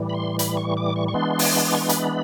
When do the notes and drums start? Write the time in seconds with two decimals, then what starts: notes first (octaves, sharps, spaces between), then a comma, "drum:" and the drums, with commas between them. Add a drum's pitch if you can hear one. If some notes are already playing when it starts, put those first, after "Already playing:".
Already playing: A2 E3 G3
0.09 B5
0.14 C6
0.39 B5, drum: hi-hat
0.57 C#6
0.77 D6
0.96 C#6
1.08 C#6
1.14 E3 G#3 B3 D4 C6
1.39 drum: open hi-hat
1.68 D6
1.75 C#6
1.82 C6
1.89 B5, drum: hi-hat